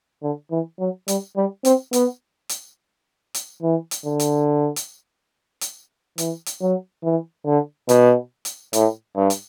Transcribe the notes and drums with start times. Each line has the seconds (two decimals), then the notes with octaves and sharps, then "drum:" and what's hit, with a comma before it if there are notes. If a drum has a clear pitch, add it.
0.23 D3
0.51 E3
0.79 F#3
1.08 G3, drum: hi-hat
1.36 G3
1.65 C4, drum: hi-hat
1.93 B3, drum: hi-hat
2.49 drum: hi-hat
3.34 drum: hi-hat
3.62 E3
3.91 drum: hi-hat
4.05 D3
4.20 drum: hi-hat
4.76 drum: hi-hat
5.61 drum: hi-hat
6.18 E3, drum: hi-hat
6.46 drum: hi-hat
6.61 F#3
7.03 E3
7.45 D3
7.89 B2, drum: hi-hat
8.45 drum: hi-hat
8.73 A2, drum: hi-hat
9.16 G2
9.30 drum: hi-hat